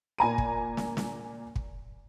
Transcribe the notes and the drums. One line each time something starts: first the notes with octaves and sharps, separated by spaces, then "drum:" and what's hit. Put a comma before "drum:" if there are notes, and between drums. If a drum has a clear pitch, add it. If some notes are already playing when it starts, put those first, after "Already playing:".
A#2 G#5 A#5 D#7
drum: kick
drum: snare
drum: snare
drum: kick